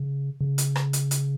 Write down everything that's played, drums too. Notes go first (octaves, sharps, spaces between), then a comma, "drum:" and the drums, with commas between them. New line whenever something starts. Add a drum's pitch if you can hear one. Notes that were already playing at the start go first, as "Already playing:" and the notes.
Already playing: C#3
C#3
drum: hi-hat
drum: rim click
drum: hi-hat
drum: hi-hat